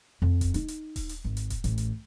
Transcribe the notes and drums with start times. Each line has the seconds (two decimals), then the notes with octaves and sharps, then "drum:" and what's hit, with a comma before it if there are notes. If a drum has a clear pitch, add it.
0.22 F2
0.41 drum: kick D#1, hi-hat
0.54 D#4, drum: hi-hat
0.68 drum: hi-hat
0.96 drum: kick D#1, open hi-hat
1.09 drum: hi-hat
1.25 G#1
1.37 drum: hi-hat
1.50 drum: kick D#1, hi-hat
1.64 A1, drum: hi-hat
1.78 drum: hi-hat